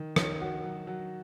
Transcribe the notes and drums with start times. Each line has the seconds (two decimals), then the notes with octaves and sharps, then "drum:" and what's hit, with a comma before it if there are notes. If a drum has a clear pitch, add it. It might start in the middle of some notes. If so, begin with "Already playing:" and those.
Already playing: D#3
0.16 D#3, drum: rim click
0.41 F#4
0.64 F#3
0.87 F#3